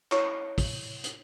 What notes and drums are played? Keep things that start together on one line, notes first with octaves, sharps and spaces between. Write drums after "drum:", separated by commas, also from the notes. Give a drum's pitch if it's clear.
E4 C#5 C#6, drum: clap
drum: kick, open hi-hat
drum: hi-hat